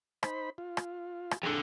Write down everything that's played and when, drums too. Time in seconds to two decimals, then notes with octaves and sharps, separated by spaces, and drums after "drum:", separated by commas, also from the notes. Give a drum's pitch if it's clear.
0.23 D#4 C5 B5, drum: rim click
0.58 F4
0.77 drum: rim click
1.31 drum: rim click
1.43 F2 D3 G#4